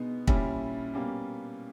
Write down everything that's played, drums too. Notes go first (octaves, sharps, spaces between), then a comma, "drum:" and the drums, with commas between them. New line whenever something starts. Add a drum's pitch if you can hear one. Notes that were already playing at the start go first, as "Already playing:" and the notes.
Already playing: B2 G#3 B3 D#4
A#2 G3 C#4 E4, drum: kick
B2 G3 A#3 C#4